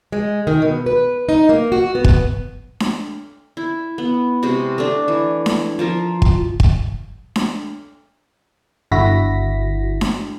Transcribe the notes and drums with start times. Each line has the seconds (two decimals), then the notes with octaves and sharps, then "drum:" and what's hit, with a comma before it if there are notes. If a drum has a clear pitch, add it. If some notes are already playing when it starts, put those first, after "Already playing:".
0.12 G#3
0.47 D#3
0.62 B2
0.86 B4
1.29 D#4
1.49 A#3
1.72 F#4
1.95 B3
2.04 drum: kick
2.80 drum: snare D4
3.57 E4
3.98 B3
4.43 C3 G#3 F#4
4.78 A3 D4
5.08 E3
5.46 drum: snare D4
5.79 F3 F4 A#4
6.22 drum: kick
6.60 drum: kick
7.36 drum: snare D4
8.92 G1 D3 E4 F#4 A#6 B6
10.01 drum: snare D4